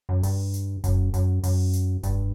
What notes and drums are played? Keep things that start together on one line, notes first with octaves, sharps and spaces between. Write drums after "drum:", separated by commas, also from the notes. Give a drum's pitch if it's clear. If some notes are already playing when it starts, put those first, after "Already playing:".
F#2
G2, drum: open hi-hat
drum: hi-hat
F#2, drum: kick F1, hi-hat
F#2, drum: hi-hat
F#2, drum: open hi-hat
drum: hi-hat
G2, drum: kick F1, hi-hat